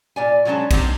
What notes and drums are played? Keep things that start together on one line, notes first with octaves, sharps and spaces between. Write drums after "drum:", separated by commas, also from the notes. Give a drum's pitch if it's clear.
A#2 D5 G#5
A#2 F#3 G#3 C#4 D4 A5
F#3 A#3 C4 D4 D#4 G4, drum: kick, cymbal